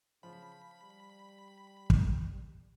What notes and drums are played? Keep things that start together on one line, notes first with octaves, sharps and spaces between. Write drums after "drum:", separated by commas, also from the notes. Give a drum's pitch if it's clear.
C#3 F3 B5
G3
drum: kick